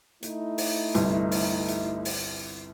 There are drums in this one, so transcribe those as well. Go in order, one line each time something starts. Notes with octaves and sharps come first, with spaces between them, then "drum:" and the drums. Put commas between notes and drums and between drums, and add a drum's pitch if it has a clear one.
A3 D#4 E4, drum: hi-hat
drum: open hi-hat
G1 C2, drum: hi-hat
drum: open hi-hat
drum: hi-hat
drum: open hi-hat